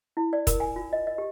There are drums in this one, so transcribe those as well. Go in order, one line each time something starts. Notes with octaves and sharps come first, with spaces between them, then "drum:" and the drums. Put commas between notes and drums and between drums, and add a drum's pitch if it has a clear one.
E4
D5
A#4, drum: kick, hi-hat
G#5
F4
D#5
D#5
G4